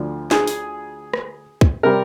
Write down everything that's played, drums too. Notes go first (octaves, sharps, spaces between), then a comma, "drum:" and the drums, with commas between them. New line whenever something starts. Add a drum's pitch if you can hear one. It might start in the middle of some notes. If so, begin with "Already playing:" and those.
Already playing: D2 D3 F3
G#4, drum: snare
drum: open hi-hat
drum: rim click
drum: kick
C3 G3 C4 A#4